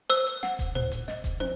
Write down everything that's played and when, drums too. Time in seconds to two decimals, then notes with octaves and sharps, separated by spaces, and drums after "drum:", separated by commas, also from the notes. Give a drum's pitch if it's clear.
0.10 C5 E6
0.26 drum: hi-hat
0.43 F#5, drum: snare
0.59 drum: kick E1, hi-hat
0.75 C5, drum: tom A2
0.91 drum: hi-hat
1.08 D#5, drum: snare
1.24 drum: kick E1, hi-hat
1.40 C5, drum: tom